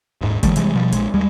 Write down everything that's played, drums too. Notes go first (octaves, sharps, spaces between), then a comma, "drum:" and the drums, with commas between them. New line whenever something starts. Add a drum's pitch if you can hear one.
D#1 G#2
D#3 F3 G3 A3, drum: kick G#1, hi-hat
C3 E3 G3 G#3, drum: hi-hat
B2 F3 G3
A#1 G#3, drum: hi-hat
D#2 G3 G#3